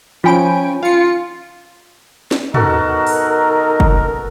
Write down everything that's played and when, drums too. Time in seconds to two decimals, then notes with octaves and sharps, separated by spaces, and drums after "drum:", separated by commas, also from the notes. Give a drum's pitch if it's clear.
0.24 F3 C#4 F4 G5 G#5 B5 D7
0.83 F4 F5 C#7
2.31 drum: snare
2.54 B2 D#4 F#4 A4 A#4, drum: tom
3.07 drum: open hi-hat
3.80 drum: kick F#1